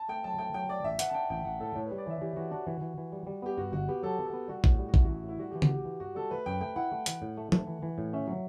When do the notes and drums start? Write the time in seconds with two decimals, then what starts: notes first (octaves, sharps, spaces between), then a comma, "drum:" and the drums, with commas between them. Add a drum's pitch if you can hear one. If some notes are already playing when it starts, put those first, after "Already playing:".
Already playing: A5
0.09 A3 G5
0.24 F#3 A5
0.38 A3 G5
0.54 F#3 G5
0.69 A3 D5
0.84 A1 E5
0.99 D4 F#5, drum: hi-hat
1.09 A5
1.14 D4 G5
1.30 A1 G5
1.45 A1 F#5
1.60 A2 A4
1.75 A2 C#5
1.86 G3 B4
1.98 D5
2.06 E3 E5
2.21 E3 G4
2.36 E3 F#4
2.51 D4 F#4
2.67 E3
2.81 E3
2.97 E3
3.12 G3
3.27 G3
3.42 B3 G4
3.57 G2 F#4
3.72 G1 F#4
3.88 B3 G4
4.02 F#3 A4
4.19 B3
4.26 A4
4.33 B3
4.48 G3 F#4
4.64 A2, drum: kick
4.79 G3
4.88 F#4
4.94 A1 E4, drum: kick
5.05 A1 F#4
5.24 A2 E4
5.39 G3 F#4
5.51 E3 G4
5.62 F#4, drum: tom C#3
5.69 A1 G4
5.85 E3
6.00 G2 F#4
6.15 G3 A4
6.31 A3 B4
6.46 F#2 G5
6.61 A3 G5
6.76 E4 F#5
6.92 A3
7.06 E3, drum: hi-hat
7.22 A2
7.37 A3
7.52 A3, drum: tom
7.67 E3
7.82 E3
7.98 A2
8.13 C#4 E5
8.27 F#3